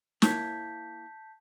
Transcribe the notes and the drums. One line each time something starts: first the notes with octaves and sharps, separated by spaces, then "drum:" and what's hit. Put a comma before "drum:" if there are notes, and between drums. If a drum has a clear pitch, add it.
A#3 E4 C#5 A5 G6 B6, drum: snare